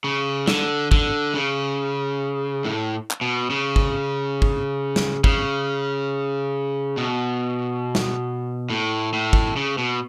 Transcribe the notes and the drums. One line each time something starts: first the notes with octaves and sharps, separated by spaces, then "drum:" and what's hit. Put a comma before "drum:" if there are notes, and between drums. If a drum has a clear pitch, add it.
C#3
D3, drum: snare
D3, drum: kick
C#3
A2
drum: clap
B2
C#3
drum: kick
drum: kick
drum: snare
C#3, drum: kick
B2
drum: snare
A2
A2
drum: kick
C#3
B2